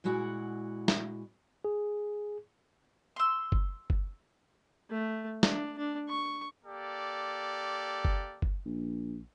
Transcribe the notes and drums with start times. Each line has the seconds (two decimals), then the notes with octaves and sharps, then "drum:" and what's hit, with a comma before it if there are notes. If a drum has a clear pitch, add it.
0.04 A#2 G#3 E4 F#4 F#5
0.88 drum: snare
1.65 G#4
3.16 C6 E6
3.52 drum: kick F#1
3.90 drum: kick F#1
4.90 A3
5.43 D4, drum: snare
5.78 D4
6.09 C#6
6.64 A#3 G4 A4 D5
8.05 drum: kick F#1
8.42 drum: kick F#1
8.65 A#1